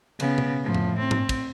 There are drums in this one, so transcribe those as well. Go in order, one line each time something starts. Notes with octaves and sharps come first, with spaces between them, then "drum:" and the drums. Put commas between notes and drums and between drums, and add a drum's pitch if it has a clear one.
C#3 B3, drum: cymbal
drum: tom B2
A2 F3
drum: tom F2
C4
drum: tom G#2
drum: kick, cymbal